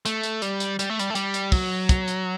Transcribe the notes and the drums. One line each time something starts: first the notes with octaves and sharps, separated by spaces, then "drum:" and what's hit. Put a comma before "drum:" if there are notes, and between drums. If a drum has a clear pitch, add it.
A3, drum: hi-hat
drum: hi-hat
G3, drum: hi-hat
drum: hi-hat
G3, drum: hi-hat
A3
G3, drum: hi-hat
A3
G3, drum: hi-hat
drum: hi-hat
F#3, drum: kick, open hi-hat
drum: kick, hi-hat
drum: hi-hat